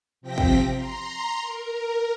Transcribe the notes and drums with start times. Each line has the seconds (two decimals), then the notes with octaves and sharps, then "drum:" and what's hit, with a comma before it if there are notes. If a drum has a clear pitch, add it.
0.21 C3 F3 C4 G5 A#6 B6
0.38 drum: kick
0.74 A#5 C6
1.40 A#4